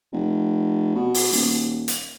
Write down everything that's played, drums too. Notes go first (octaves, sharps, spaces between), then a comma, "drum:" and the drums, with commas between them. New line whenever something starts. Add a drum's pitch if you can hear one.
F1
B2
drum: open hi-hat
D#1, drum: open hi-hat
drum: hi-hat